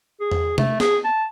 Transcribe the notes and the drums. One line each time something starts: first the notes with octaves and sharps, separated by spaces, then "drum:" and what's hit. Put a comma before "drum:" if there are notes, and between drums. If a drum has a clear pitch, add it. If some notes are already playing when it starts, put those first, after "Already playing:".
G#4
drum: tom E2
A3, drum: tom C3
G#4, drum: snare
A5